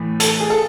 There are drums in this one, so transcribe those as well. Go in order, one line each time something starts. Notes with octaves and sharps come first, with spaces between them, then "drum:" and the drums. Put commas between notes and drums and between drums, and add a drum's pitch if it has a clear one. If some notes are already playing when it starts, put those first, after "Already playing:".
Already playing: A2 E3 A3
A4, drum: hi-hat
G#4
A4